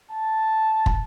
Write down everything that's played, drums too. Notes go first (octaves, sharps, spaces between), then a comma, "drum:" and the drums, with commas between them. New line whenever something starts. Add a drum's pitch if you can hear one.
A5
drum: kick